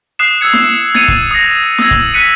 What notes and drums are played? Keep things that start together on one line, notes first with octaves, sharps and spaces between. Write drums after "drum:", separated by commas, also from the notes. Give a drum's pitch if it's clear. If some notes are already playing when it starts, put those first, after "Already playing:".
D#6 F#6 C7 E7
D#6 E6 G#6 C#7
drum: snare
G#6 A6 C#7 D#7 F7, drum: snare
drum: kick
D#6 A#6
D#6 E6 G#6 A#6, drum: snare
drum: kick
F#6 B6 C#7 D#7